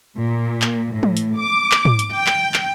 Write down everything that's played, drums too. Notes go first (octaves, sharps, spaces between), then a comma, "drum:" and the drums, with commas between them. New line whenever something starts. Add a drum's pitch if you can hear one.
A#2
drum: clap
A2
drum: tom
drum: hi-hat
D6
drum: clap
drum: tom
drum: hi-hat
G5
drum: clap
drum: clap